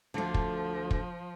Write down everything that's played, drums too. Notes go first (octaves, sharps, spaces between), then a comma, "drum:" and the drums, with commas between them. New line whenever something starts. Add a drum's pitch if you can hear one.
D2 D3 F3
drum: kick
drum: kick